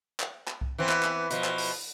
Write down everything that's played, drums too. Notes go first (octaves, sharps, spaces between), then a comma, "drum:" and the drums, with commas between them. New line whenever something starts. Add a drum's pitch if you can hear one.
drum: clap
drum: clap
drum: kick C2
E3 B3 C4
drum: clap
drum: clap
B2 F3, drum: hi-hat
drum: clap
drum: open hi-hat